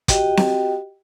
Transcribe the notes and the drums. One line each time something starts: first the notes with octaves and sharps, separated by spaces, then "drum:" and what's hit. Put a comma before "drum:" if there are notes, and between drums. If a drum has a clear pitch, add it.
F#4 G4 D#5 G5, drum: kick, hi-hat
drum: snare C4